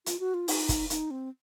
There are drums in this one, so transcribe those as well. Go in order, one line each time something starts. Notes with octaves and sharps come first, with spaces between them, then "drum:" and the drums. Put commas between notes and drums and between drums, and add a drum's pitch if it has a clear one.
F4, drum: hi-hat
F#4
F4
D#4, drum: open hi-hat
drum: kick, hi-hat
D#4, drum: hi-hat
C4